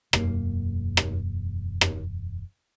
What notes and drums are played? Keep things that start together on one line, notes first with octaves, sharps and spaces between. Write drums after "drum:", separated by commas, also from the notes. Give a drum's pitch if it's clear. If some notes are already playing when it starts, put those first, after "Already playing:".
E1 F#2 A#3, drum: rim click
drum: rim click
drum: rim click